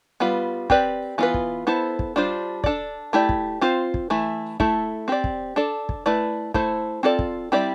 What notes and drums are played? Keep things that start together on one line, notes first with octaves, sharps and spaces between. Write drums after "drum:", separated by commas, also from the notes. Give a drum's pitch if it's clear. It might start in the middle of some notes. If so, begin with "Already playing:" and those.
G3 B3 F4 B4
C4 G4 B4 D5, drum: kick
E3 B3 F4 B4
drum: kick
B3 E4 A4 C5
drum: kick
G3 D4 F4 C5
D4 A4 D5, drum: kick
A3 E4 G4 D5
drum: kick
C4 F4 C5
drum: kick
E3 A3 E4
A3 E4 A4, drum: kick
C4 G4 D5
drum: kick
D4 A4 D5
drum: kick
A3 E4 B4 D5
A3 E4 A4 C5, drum: kick
C4 F4 A4 D5
drum: kick
G3 C4 E4 G4 D5